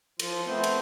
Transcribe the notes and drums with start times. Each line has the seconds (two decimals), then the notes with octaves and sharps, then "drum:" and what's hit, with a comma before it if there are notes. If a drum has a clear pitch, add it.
0.19 F3 F4, drum: cymbal
0.46 A3 B3 C4 C5
0.64 drum: cymbal